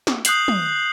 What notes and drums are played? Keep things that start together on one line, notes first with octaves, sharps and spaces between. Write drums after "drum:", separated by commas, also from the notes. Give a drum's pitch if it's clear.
drum: snare
D#6 F#6 G6 C7 F#7, drum: hi-hat
drum: tom